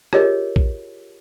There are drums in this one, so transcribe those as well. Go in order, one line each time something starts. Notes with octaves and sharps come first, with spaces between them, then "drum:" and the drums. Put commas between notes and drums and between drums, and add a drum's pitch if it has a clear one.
F4 G4 G#4 A#4 C#5 D#5, drum: rim click
drum: kick